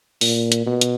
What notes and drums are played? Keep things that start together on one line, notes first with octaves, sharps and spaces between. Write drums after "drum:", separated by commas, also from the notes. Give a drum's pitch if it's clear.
A#2, drum: open hi-hat
drum: hi-hat
B2
drum: hi-hat